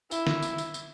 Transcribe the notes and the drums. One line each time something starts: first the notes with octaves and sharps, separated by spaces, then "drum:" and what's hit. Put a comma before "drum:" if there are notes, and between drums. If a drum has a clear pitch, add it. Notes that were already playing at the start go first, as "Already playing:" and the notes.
E4, drum: tambourine
drum: snare
drum: tambourine
drum: tambourine
drum: tambourine